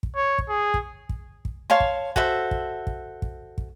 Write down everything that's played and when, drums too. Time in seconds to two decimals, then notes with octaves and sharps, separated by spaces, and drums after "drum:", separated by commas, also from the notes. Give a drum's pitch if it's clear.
0.03 drum: kick
0.16 C#5
0.38 drum: kick
0.49 G#4
0.74 drum: kick
1.09 drum: kick
1.45 drum: kick
1.70 C#5 F5 A5 C6
1.80 drum: kick
2.16 F#4 A4 C5 E5, drum: kick
2.51 drum: kick
2.87 drum: kick
3.22 drum: kick
3.58 drum: kick